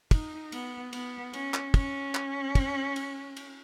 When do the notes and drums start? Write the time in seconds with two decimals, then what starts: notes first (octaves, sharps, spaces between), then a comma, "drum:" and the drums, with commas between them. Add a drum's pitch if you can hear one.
0.11 D#4, drum: kick, cymbal
0.52 B3, drum: cymbal
0.93 B3, drum: cymbal
1.33 C#4, drum: cymbal
1.54 drum: clap
1.74 C#4, drum: kick, cymbal
2.15 drum: clap
2.55 drum: kick, cymbal
2.96 drum: cymbal
3.37 drum: cymbal